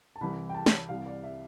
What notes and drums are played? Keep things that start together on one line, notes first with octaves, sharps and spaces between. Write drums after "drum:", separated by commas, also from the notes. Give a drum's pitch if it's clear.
A5
C2 C3 E3 G3 B5
G5
A5
drum: snare
C2 C3 G3 F5
D5
E5